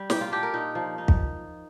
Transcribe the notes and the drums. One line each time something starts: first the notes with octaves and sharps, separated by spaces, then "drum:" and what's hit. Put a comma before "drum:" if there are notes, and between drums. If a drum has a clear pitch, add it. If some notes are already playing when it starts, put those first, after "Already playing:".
Already playing: G3
A#2 G4, drum: snare
F4
D4 G4
A#4
A#2 D#4
F3
D#4
drum: kick